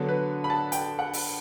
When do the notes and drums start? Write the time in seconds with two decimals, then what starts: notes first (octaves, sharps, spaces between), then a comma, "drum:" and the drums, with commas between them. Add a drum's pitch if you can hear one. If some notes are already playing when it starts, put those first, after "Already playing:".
Already playing: D3 F#3 B3 A4
0.09 B4
0.44 B5
0.50 A5
0.72 G5, drum: hi-hat
0.99 F#5
1.13 drum: open hi-hat